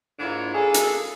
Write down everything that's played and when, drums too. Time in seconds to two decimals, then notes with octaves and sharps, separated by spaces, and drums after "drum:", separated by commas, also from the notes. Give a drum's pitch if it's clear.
0.20 G#2 A#3 D4 E4 F4 C#5
0.54 A#3 G#4 A4
0.74 drum: hi-hat